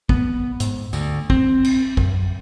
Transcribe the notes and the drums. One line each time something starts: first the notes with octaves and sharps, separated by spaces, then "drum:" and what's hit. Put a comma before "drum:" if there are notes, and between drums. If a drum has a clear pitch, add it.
B3, drum: kick
G#2, drum: hi-hat
D2, drum: tambourine
C4, drum: kick
drum: cymbal
F#2, drum: kick